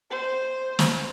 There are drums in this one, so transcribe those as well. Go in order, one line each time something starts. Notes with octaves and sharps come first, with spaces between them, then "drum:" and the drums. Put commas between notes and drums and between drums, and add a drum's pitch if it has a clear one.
C5
drum: snare